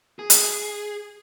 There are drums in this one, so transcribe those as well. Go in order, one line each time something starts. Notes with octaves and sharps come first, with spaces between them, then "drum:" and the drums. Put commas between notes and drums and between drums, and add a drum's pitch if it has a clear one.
G#4
drum: hi-hat